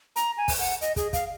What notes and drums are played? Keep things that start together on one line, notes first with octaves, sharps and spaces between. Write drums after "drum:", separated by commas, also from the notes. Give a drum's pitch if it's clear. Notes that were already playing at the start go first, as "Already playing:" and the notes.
A#5, drum: hi-hat
G#5
drum: kick, open hi-hat
F#5
D#5, drum: hi-hat
G#4, drum: kick, hi-hat
F5, drum: kick, hi-hat